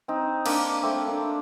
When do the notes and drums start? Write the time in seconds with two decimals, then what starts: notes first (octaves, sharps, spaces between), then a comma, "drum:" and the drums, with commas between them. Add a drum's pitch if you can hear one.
0.08 C4 D#4
0.46 A#3 D4, drum: cymbal
0.83 A3 C4
1.07 A#3 D4